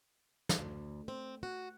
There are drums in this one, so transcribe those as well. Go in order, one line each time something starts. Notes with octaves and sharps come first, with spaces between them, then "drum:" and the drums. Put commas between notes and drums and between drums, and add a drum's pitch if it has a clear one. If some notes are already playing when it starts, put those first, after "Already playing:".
drum: snare
D2
C4
F#4